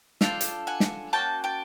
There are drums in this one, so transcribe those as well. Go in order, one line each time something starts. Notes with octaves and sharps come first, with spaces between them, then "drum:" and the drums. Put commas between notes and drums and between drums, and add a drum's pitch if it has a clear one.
D4 F4 A4 F5 G5, drum: snare
drum: hi-hat
F#5 G#5
drum: snare
A#3 C#4 F#4 G5 A5
G5 A5